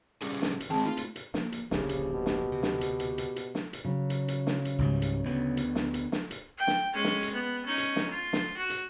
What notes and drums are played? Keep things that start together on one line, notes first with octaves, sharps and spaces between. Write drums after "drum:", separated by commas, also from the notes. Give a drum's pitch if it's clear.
G3 C#4 G#4, drum: hi-hat
drum: snare
drum: hi-hat
D#3 G#3 C4 G#4 A5
A3 D#4 F4
drum: hi-hat
drum: hi-hat
F3 A#3, drum: snare
drum: hi-hat
D1 A#1 A2 C#3 G4, drum: snare
drum: hi-hat
B2
drum: snare
D2 C3
drum: snare
drum: hi-hat
drum: hi-hat
drum: hi-hat
drum: hi-hat
drum: snare
drum: hi-hat
C#3 F#3
drum: hi-hat
drum: hi-hat
drum: snare
drum: hi-hat
C#2 G#2 G3
drum: hi-hat
D2 B3
drum: hi-hat
drum: snare
drum: hi-hat
drum: snare
drum: hi-hat
G5
drum: snare
G#3 C#4
drum: snare
drum: hi-hat
B3
C#4 D#4
drum: hi-hat
drum: snare
F4
drum: snare
F#4
drum: hi-hat